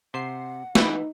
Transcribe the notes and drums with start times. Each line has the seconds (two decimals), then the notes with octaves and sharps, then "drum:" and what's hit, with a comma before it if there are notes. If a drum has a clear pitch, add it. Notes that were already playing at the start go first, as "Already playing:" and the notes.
0.14 C3 C5 F#5 C7
0.75 E3 D#4 B4 B5 E6, drum: snare